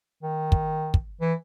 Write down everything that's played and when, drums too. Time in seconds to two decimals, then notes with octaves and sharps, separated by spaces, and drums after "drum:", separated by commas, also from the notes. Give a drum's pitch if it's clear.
0.23 D#3
0.52 drum: kick
0.94 drum: kick
1.21 E3